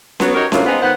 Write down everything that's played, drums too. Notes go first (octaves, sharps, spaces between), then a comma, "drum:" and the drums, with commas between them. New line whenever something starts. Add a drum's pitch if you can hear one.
F#3 B3, drum: snare C#4
F#3 D#4 F#4 G4 A#4 C#5
D2 C3 F#3 A#3 E4 F4, drum: snare C#4
G#3 B3 C4 D#4 F4
D#3 B3 C5 F#5